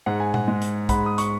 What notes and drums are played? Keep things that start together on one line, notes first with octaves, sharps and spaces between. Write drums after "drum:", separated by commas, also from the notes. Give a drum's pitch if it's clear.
G#2 F#5
G#5
F#5, drum: tom A#2
G#3
drum: hi-hat
G#2 F#5 B5, drum: kick, hi-hat
D#6
C#6, drum: hi-hat